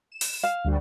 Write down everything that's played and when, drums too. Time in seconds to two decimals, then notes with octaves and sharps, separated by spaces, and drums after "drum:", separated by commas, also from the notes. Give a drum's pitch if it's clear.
0.12 E7
0.21 drum: open hi-hat
0.43 F5
0.65 D2 G3 F#4